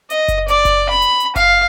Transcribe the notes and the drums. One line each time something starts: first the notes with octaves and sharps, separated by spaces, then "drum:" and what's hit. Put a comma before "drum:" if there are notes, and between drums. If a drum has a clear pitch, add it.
D#5, drum: hi-hat
drum: kick F#1, hi-hat
D5, drum: hi-hat
drum: kick F#1, hi-hat
B5
drum: hi-hat
drum: hi-hat
F5, drum: kick F#1, hi-hat